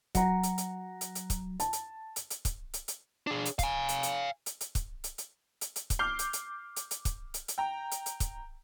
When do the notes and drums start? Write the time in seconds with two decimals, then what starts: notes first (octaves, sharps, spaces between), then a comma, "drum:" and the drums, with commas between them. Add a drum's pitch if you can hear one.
0.15 F#3 F#5 A#5, drum: kick, hi-hat
0.43 drum: hi-hat
0.58 drum: hi-hat
1.01 drum: hi-hat
1.15 drum: hi-hat
1.30 drum: kick, hi-hat
1.60 A5, drum: hi-hat
1.73 drum: hi-hat
2.16 drum: hi-hat
2.30 drum: hi-hat
2.45 drum: kick, hi-hat
2.74 drum: hi-hat
2.88 drum: hi-hat
3.27 D4 G#4
3.46 drum: hi-hat
3.59 F5 G#5, drum: kick, hi-hat
3.89 drum: hi-hat
4.03 drum: hi-hat
4.46 drum: hi-hat
4.61 drum: hi-hat
4.75 drum: kick, hi-hat
5.04 drum: hi-hat
5.18 drum: hi-hat
5.61 drum: hi-hat
5.76 drum: hi-hat
5.90 drum: kick, hi-hat
5.99 D6 F6 G6 C7
6.19 drum: hi-hat
6.33 drum: hi-hat
6.76 drum: hi-hat
6.91 drum: hi-hat
7.05 drum: kick, hi-hat
7.34 drum: hi-hat
7.48 drum: hi-hat
7.58 G5 A#5
7.92 drum: hi-hat
8.06 drum: hi-hat
8.20 drum: kick, hi-hat